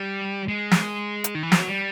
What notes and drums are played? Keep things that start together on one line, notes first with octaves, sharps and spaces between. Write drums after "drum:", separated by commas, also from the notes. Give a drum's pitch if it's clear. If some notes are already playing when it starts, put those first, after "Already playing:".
Already playing: G3
G#3
drum: snare
drum: hi-hat
D#3
E3
F3, drum: snare
F#3
G3